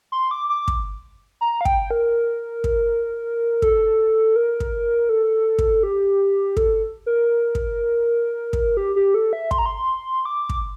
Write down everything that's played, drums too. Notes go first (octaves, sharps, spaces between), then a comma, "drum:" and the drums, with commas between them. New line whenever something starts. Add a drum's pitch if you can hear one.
C6
D6
D6
drum: kick
A#5
F5
G5, drum: kick
A#4
drum: kick
A4, drum: kick
A#4
drum: kick
A4
drum: kick
G4
A4, drum: kick
A#4
drum: kick
drum: kick
G4
G4
A4
E5
C6, drum: kick
A#5
C6
D6
drum: kick